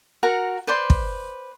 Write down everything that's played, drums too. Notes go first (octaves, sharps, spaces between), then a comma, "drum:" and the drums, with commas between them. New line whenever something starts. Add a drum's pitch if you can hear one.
F#4 A#4 F#5 A#5
B4 C5 D5 C6
drum: kick